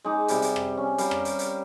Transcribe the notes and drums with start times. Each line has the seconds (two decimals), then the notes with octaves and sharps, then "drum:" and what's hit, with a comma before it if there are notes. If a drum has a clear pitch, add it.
0.04 G#3 D#4 D6
0.28 C3 G3 D6, drum: hi-hat
0.42 drum: hi-hat
0.56 drum: rim click
0.77 C#4
0.98 G3 A#4 F5 A#5, drum: hi-hat
1.11 drum: rim click
1.25 drum: hi-hat
1.39 drum: hi-hat